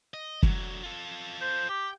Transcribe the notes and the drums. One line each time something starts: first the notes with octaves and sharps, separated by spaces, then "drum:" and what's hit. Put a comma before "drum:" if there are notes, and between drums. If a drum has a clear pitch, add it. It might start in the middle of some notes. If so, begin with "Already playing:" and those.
D#5
D3 F#3, drum: kick
F4 A4
C5
G4 G5